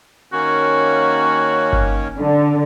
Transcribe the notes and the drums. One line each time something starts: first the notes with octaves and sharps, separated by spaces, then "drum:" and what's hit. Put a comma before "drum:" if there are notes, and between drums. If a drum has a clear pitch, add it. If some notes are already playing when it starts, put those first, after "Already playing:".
D#3 A#3 C#4 F#4
drum: kick G1
D3